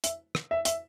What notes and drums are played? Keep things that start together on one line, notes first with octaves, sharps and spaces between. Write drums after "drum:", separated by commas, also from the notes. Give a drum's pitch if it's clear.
E5, drum: hi-hat
drum: rim click
E5
E5, drum: hi-hat